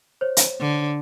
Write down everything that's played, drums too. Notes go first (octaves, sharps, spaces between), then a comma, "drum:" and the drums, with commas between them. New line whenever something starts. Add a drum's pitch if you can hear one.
C5 C#5
drum: hi-hat
D3